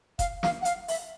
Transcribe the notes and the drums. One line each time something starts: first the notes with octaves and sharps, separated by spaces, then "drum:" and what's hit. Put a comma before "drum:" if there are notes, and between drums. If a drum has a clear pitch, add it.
F5, drum: kick F1, hi-hat
F5, drum: snare
F#5
F5, drum: hi-hat
E5, drum: open hi-hat